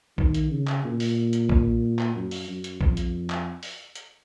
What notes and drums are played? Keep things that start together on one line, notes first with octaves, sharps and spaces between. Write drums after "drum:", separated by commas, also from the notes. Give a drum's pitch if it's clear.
D#3, drum: kick A#1
drum: hi-hat
C#3
drum: clap
A#2
drum: open hi-hat
drum: hi-hat
drum: kick A#1
drum: clap
F#2
drum: open hi-hat
F#2
drum: hi-hat
F2, drum: kick A#1
drum: hi-hat
drum: clap
drum: open hi-hat
drum: hi-hat